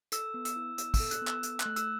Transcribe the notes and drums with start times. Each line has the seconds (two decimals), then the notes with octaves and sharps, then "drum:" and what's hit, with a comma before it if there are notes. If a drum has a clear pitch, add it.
0.12 A4 E6, drum: hi-hat
0.34 B3
0.45 E6, drum: hi-hat
0.56 E4
0.78 B3 E6, drum: hi-hat
0.94 E6, drum: kick, open hi-hat
1.00 A4
1.11 F#6, drum: hi-hat
1.22 B3
1.27 E6, drum: clap
1.43 A4 E6, drum: hi-hat
1.60 F#6, drum: clap
1.66 A3
1.76 E6, drum: hi-hat